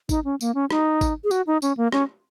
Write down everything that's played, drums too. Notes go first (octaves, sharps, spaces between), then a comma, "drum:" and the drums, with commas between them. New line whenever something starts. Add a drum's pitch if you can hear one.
D#4, drum: kick G#1, tambourine
C#4
A#3, drum: tambourine
C#4
D#4, drum: rim click
drum: kick G#1, tambourine
G#4
F#4, drum: tambourine
D#4
C#4, drum: tambourine
A#3
C#4, drum: rim click